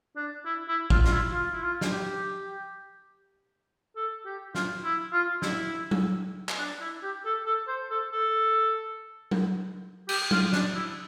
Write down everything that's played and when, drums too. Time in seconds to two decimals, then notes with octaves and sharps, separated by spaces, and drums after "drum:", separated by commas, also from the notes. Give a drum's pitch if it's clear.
0.16 D4
0.45 E4
0.68 E4
0.90 F4, drum: kick
1.05 F4, drum: snare
1.12 E4
1.33 F4
1.52 E4
1.63 F4
1.81 drum: snare
1.92 G4
3.96 A4
4.26 G4
4.55 F4, drum: snare
4.84 E4
5.12 F4
5.42 E4, drum: snare
5.91 drum: tom F#3
6.49 drum: clap
6.59 D4
6.81 E4
7.03 G4
7.25 A4
7.46 A4
7.68 C5
7.90 A4
8.12 A4
9.31 drum: tom F#3
10.09 G4, drum: cymbal
10.31 F4, drum: tom F#3
10.53 D4, drum: snare
10.75 E4